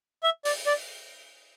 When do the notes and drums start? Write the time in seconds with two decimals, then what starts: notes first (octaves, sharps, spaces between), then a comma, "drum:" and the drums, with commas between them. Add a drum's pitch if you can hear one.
0.23 E5
0.45 D5, drum: open hi-hat
0.66 D5